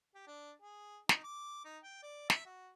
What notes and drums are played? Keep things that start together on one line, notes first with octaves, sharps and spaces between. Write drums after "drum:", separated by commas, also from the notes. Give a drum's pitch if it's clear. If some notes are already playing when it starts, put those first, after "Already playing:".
G4
D4
G#4
D#4, drum: snare
D6
D#4
G5
D5
E5, drum: snare
F#4